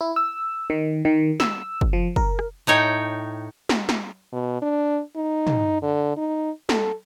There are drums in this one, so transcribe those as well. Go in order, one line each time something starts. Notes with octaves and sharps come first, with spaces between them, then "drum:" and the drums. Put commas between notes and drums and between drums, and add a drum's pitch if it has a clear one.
E4
E6
D#3
D#3
E6, drum: snare
drum: kick
F3
A#4, drum: kick
drum: rim click
A2 D#4 C#5 G5
drum: snare
drum: snare
B2
D4
D#4
drum: tom
D3
D#4
A4, drum: snare